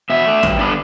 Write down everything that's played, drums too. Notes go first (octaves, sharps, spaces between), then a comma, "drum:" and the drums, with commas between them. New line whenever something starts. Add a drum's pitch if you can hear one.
B2 E5
A3 D4
G2, drum: snare
D3 G3 B3 D4